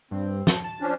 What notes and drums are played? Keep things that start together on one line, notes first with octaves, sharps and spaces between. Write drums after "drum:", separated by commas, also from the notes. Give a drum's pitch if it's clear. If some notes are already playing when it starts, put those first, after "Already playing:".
G2 C4
A5, drum: snare
A5
F3 C#4 D4